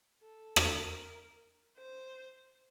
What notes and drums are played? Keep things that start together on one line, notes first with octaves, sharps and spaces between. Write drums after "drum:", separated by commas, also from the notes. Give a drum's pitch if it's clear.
A4
drum: rim click
A#4
C5